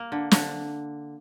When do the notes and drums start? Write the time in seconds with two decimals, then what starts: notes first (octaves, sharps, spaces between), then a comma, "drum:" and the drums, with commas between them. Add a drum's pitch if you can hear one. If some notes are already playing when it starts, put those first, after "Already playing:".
Already playing: A#3
0.12 D3
0.31 D3, drum: snare